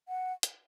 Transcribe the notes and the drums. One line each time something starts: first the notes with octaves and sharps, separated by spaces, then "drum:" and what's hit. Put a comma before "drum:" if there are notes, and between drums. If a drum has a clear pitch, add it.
F#5
drum: hi-hat